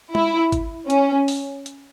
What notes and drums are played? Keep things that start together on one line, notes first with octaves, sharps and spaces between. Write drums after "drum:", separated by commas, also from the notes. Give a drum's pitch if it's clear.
E4, drum: tom
drum: kick, hi-hat
C#4, drum: hi-hat
drum: open hi-hat
drum: hi-hat